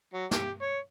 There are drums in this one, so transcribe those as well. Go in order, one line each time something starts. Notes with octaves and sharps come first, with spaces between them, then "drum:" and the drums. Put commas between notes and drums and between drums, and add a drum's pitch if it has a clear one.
F#3
G4, drum: snare
C#5